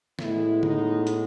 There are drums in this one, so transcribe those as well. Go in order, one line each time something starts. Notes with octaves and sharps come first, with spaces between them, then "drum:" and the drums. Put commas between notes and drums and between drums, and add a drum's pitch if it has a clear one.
A2 G#3 B3 E4, drum: snare
D#4, drum: tom
drum: hi-hat